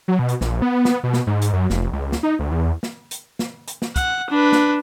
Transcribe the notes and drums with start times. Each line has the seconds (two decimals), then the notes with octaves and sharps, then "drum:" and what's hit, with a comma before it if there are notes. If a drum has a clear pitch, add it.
0.08 F#3
0.19 B2
0.29 drum: hi-hat
0.41 A#1, drum: snare
0.62 B3
0.85 drum: snare
1.03 B2
1.13 drum: snare
1.27 G#2
1.42 drum: hi-hat
1.53 F#2
1.70 F1, drum: snare
1.93 C#2
2.12 drum: snare
2.23 D#4
2.39 D2
2.51 E2
2.83 drum: snare
3.11 drum: hi-hat
3.39 drum: snare
3.68 drum: hi-hat
3.82 drum: snare
3.96 F#5, drum: kick, hi-hat
4.30 D4 B4
4.52 drum: snare